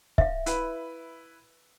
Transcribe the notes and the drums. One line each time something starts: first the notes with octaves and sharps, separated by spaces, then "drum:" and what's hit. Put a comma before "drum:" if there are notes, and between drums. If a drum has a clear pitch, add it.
E5 F5, drum: kick C#1
E4 B4, drum: hi-hat